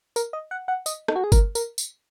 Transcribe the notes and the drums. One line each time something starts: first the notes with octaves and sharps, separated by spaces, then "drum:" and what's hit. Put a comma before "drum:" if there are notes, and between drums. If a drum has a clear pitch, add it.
A#4, drum: tambourine
D#5
F#5
F#5
D#5, drum: tambourine
D#4, drum: rim click
F#4
G#4
A#4, drum: kick G1, tambourine
A#4, drum: tambourine
drum: tambourine